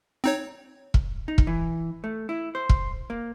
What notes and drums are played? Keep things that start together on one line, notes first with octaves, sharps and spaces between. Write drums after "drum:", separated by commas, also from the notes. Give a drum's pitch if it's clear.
C4 D#4 C#5
drum: kick
D#4
drum: kick
E3
A3
E4
C5
drum: kick
A#3